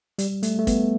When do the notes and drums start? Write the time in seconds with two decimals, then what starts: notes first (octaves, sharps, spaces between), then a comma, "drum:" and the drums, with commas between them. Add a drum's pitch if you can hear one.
0.18 G3, drum: hi-hat
0.43 A3, drum: hi-hat
0.59 A3
0.67 B3, drum: kick, hi-hat